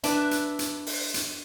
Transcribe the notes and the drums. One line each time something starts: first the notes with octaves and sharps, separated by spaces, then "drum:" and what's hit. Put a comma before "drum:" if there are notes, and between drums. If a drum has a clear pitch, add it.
D4 B4 E5 D6, drum: hi-hat
drum: hi-hat
drum: hi-hat
drum: open hi-hat
drum: hi-hat